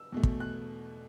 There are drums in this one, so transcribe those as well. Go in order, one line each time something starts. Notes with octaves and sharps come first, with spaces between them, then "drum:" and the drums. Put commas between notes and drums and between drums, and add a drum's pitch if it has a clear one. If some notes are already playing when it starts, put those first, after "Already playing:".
Already playing: E6
E2 B2 A3
drum: kick
F#6